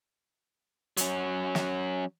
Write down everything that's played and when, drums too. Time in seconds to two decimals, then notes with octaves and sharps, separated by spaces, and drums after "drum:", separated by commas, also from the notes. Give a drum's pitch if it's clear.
0.97 F#3 C#4, drum: hi-hat
1.55 drum: snare